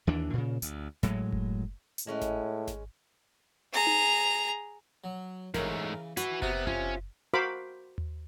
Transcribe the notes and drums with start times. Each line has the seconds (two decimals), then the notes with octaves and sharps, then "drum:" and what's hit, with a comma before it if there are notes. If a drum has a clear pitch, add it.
0.07 D#2 E3 D4
0.33 A#2 C#3
0.62 D2, drum: hi-hat
1.03 A2 F#3 G#3, drum: snare G#1
1.32 drum: kick F#1
1.98 drum: hi-hat
2.07 A2 G#3 C#4 B4
2.21 drum: snare G#1
2.68 drum: snare G#1
3.73 G#4 A#5
3.87 drum: tom D#4
5.04 F#3
5.54 G#2 C#3 E3 A3 A#4, drum: snare G#1
6.17 E4 F#4 B4, drum: hi-hat
6.42 C3 B3 A#5, drum: kick F#1
6.67 C#4 F4, drum: kick F#1
7.34 F#4 A#4 C5 F5 B5 D6
7.98 drum: tom D#2